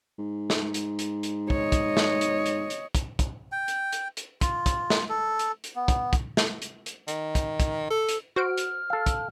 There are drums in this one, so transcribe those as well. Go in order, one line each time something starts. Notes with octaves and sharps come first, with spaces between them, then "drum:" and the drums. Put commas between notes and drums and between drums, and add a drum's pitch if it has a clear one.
G#2
drum: snare
drum: hi-hat
drum: hi-hat
drum: hi-hat
C#5 D#5, drum: kick
drum: kick, hi-hat
drum: snare
drum: hi-hat
drum: hi-hat
drum: hi-hat
drum: kick, hi-hat
drum: kick, hi-hat
G5
drum: hi-hat
drum: hi-hat
drum: hi-hat
F4, drum: kick, hi-hat
drum: kick, hi-hat
drum: snare
A4
drum: hi-hat
drum: hi-hat
B3
drum: kick, hi-hat
drum: kick, hi-hat
drum: snare
drum: hi-hat
drum: hi-hat
D#3, drum: hi-hat
drum: kick, hi-hat
drum: kick, hi-hat
A4
drum: hi-hat
F#4 C5 F6 D7
drum: hi-hat
A4 F5
drum: kick, hi-hat